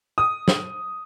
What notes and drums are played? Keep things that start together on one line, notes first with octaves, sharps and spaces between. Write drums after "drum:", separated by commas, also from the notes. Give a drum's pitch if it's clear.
D#6
drum: snare